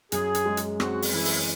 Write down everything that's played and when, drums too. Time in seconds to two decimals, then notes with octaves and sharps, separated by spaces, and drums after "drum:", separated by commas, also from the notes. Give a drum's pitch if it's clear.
0.12 F#2 G#4, drum: hi-hat
0.35 drum: hi-hat
0.46 G#3
0.57 drum: hi-hat
0.80 C4 F#4, drum: rim click
1.02 drum: open hi-hat
1.13 E3 E4
1.25 drum: open hi-hat